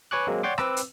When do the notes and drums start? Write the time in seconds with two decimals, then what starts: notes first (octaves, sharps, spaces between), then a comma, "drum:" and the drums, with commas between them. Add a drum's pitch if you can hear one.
0.11 B4 C#5 G#5 C#6 D6 F#6
0.27 F#3 G#3 A#3 C4
0.43 C#5 D5 F#5 G5 C6 D6
0.58 C4 B4 D6 E6, drum: rim click
0.77 drum: hi-hat